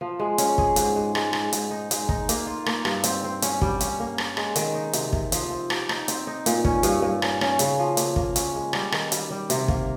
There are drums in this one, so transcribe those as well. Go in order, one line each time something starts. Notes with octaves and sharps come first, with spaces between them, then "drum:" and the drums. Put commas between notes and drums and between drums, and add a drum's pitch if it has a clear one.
F3
G#3
C#4, drum: hi-hat
G#4, drum: kick
G#2, drum: hi-hat
G#3
G#3, drum: rim click
G#3, drum: rim click
G#2, drum: hi-hat
D#4
G#3, drum: hi-hat
D#4, drum: kick
A#3, drum: hi-hat
F4
A#3, drum: rim click
G2, drum: rim click
C4, drum: hi-hat
C4
C#4, drum: hi-hat
G3, drum: kick
C#4, drum: hi-hat
A#3
C#5, drum: rim click
G#3, drum: rim click
D#3, drum: hi-hat
D#4
C3, drum: hi-hat
C3, drum: kick
F3, drum: hi-hat
C4
G4, drum: rim click
D#4, drum: rim click
C4, drum: hi-hat
D#4
A#2, drum: hi-hat
C#4, drum: kick
G2, drum: hi-hat
G2
C#4, drum: rim click
C#4, drum: rim click
C#3, drum: hi-hat
F3
A#3, drum: hi-hat
A#3, drum: kick
C#4, drum: hi-hat
G#3
G3, drum: rim click
D#3, drum: rim click
G3, drum: hi-hat
G3
C3, drum: hi-hat
A#3, drum: kick